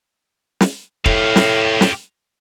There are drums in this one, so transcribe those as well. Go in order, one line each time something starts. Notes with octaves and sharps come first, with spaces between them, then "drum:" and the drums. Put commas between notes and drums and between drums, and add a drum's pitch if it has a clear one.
drum: snare
A2 G4 F5, drum: kick
drum: snare
drum: snare